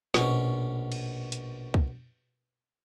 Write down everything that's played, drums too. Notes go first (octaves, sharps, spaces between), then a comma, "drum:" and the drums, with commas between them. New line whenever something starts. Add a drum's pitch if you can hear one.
A#1 B2 C#4, drum: snare
drum: cymbal
drum: hi-hat
drum: kick